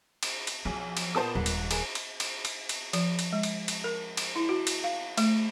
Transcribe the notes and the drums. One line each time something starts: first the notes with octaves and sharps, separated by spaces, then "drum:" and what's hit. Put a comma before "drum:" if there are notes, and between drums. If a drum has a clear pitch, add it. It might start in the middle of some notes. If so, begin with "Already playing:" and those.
drum: cymbal
drum: cymbal
B1 F3 G#4
drum: cymbal
A#2 A#3 B3 C5 A5 D#6
D#1 G#2
drum: cymbal
G#4 A#4, drum: cymbal
drum: cymbal
drum: cymbal
drum: cymbal
drum: cymbal
F3, drum: cymbal
drum: cymbal
G#3
drum: cymbal
drum: cymbal
A#4
drum: cymbal
E4
F#4
drum: cymbal
F5
A3, drum: cymbal